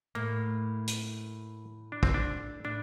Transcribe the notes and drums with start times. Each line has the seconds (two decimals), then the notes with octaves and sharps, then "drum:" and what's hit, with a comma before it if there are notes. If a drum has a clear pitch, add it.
0.15 A2 A#3
0.87 drum: hi-hat
1.92 D4
2.03 C4, drum: kick
2.14 D4
2.64 A2 D4